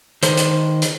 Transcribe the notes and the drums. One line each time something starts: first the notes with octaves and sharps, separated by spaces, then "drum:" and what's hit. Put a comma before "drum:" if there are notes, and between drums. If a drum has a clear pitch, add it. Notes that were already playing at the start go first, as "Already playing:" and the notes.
D#3 C5, drum: hi-hat
drum: hi-hat
drum: hi-hat